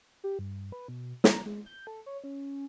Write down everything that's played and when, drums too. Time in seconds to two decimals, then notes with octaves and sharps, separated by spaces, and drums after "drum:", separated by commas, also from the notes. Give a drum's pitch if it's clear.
0.24 G4
0.39 G2
0.72 B4
0.88 B2
1.24 A#5, drum: snare
1.46 G#3
1.66 G6
1.87 A4
2.06 C#5
2.24 C#4